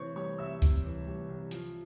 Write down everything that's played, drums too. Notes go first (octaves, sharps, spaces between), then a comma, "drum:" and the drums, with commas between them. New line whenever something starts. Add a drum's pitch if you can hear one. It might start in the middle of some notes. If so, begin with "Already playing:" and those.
Already playing: C3 E3 C5 C#5 C#6
G3 C#5 C#6
C2 E5 E6
C3, drum: kick C#2, hi-hat
E3
G3
C2
F3, drum: hi-hat